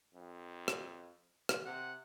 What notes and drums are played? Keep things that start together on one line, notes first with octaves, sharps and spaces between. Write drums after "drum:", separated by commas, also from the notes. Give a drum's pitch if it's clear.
F2
drum: rim click
drum: rim click
C3 F#5